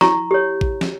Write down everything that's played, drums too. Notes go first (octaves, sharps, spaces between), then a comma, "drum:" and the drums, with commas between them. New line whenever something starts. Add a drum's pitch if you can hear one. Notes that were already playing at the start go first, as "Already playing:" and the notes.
E4 A#5 C#6, drum: snare
G4 C#5
drum: kick
drum: snare